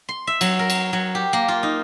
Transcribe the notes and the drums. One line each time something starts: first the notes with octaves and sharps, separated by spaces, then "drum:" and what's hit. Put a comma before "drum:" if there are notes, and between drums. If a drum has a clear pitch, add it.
C6
E5
F#3, drum: cymbal
A#4
drum: cymbal
F#3
G4
A#3
F4
D#4